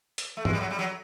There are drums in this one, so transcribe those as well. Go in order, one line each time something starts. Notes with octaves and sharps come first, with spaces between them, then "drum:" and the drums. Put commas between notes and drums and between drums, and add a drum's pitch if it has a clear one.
drum: hi-hat
A3
G#3, drum: tom
G3
F#3
G3
F#3